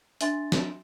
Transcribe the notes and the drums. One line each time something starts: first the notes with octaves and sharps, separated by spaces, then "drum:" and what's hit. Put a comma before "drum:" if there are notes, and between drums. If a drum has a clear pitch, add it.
D4 E5 G#5 C6 A6, drum: hi-hat
drum: snare